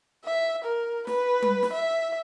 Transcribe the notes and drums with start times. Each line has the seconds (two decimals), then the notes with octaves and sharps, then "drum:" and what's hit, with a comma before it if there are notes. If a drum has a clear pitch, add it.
0.25 E5
0.64 A#4
1.07 B4, drum: snare
1.42 drum: tom G3
1.63 drum: snare
1.73 E5